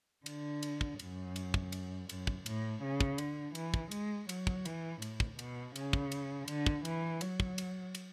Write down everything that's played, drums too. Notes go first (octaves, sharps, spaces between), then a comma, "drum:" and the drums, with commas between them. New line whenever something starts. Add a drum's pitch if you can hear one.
D3, drum: cymbal
drum: cymbal
drum: kick
F#2, drum: cymbal
drum: cymbal
drum: kick
drum: cymbal
F#2, drum: cymbal
drum: kick
A2, drum: cymbal
C#3
drum: kick
D3, drum: cymbal
E3, drum: cymbal
drum: kick
G#3, drum: cymbal
F#3, drum: cymbal
drum: kick
E3, drum: cymbal
A2, drum: cymbal
drum: kick
B2, drum: cymbal
C#3, drum: cymbal
drum: kick
drum: cymbal
D3, drum: cymbal
drum: kick
E3, drum: cymbal
F#3, drum: cymbal
drum: kick
drum: cymbal
drum: cymbal